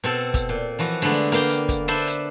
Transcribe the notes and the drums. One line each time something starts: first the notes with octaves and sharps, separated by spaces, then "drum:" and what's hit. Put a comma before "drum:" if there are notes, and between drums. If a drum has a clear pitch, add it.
B2 C4 A4
drum: kick, hi-hat
A#2
E3 F3 F#4
D3 G#3 A3 B3 D4
A#3 B3 F5 G5 A#5, drum: hi-hat
drum: hi-hat
drum: kick, hi-hat
D4 A4 B4 C5 E5
drum: hi-hat